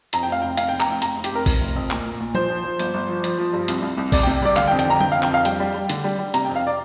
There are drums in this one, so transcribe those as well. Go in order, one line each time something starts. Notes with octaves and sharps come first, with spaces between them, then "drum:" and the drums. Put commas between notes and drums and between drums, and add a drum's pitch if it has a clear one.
F2 A#5, drum: hi-hat
G5
F1 F5
F1 G5
F1 F5, drum: hi-hat
G5
F1
A#5, drum: clap
F1 G5
F1 A#5, drum: hi-hat
F1
G4, drum: hi-hat
F1 A#4
F2, drum: kick A#1, open hi-hat
F1
F2
A#2, drum: clap
A#2
A#2
F3 C5, drum: tom
F3
F3
G1, drum: hi-hat
G1
F3
F3, drum: hi-hat
F3
G2
C2, drum: hi-hat
C2
C2
C3 D5, drum: kick A#1, open hi-hat
G5
C3
G3 D5
D3 F5, drum: clap
G5
F2
G5, drum: hi-hat
D3 A#5
D3 G5, drum: tom
F5
F2
G5, drum: clap
F2 F5
G3 G5, drum: hi-hat
G3
G3
D3, drum: hi-hat
G3
G3
C3 A#5, drum: hi-hat
G5
F2
F5
D5